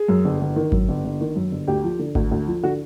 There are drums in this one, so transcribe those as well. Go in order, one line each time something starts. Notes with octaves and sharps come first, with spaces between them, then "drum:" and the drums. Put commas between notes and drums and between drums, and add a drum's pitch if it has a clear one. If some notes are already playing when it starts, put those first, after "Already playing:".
Already playing: G#4
F#2
G1
G1
D#3
F#2, drum: kick G#1
G1
G1
D#3
F#2
G1
D2 G4
F3
D3
D2, drum: kick G#1
D2
F3
D3 F#4